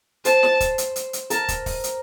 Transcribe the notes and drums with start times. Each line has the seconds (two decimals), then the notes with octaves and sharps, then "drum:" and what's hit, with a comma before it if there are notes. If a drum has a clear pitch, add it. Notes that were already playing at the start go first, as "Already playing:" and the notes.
0.25 C5 A5, drum: hi-hat
0.43 drum: snare
0.60 drum: kick, hi-hat
0.78 drum: hi-hat
0.96 drum: hi-hat
1.13 drum: hi-hat
1.30 A#4 A5, drum: hi-hat
1.48 drum: kick, hi-hat
1.66 drum: kick, open hi-hat
1.84 drum: hi-hat